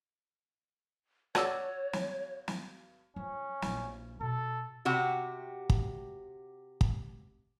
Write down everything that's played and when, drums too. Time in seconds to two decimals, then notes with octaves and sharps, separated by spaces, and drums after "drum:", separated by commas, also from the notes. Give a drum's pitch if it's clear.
1.35 F#4 C#5 D5 E6, drum: rim click
1.93 drum: snare
2.48 drum: snare
3.16 F3 C#4
3.62 A#1 E4, drum: snare
4.21 B2 A4
4.85 C3 F#4 G4
5.70 drum: kick
6.81 drum: kick